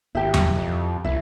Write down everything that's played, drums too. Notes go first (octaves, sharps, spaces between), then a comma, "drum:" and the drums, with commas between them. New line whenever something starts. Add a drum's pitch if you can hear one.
G#1 E4 G4
drum: tom E2
F2
C2 E4